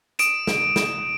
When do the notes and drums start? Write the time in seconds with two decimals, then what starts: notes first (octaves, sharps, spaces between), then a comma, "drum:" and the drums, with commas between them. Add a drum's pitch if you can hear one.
0.19 D#6 D7 E7, drum: hi-hat
0.47 drum: snare
0.76 drum: snare